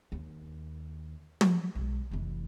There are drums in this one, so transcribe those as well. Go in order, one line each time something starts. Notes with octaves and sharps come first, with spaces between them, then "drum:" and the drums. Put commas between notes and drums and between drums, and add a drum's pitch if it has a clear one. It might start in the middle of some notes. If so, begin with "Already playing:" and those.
D#2
drum: tom
B1 G#3
F1 E3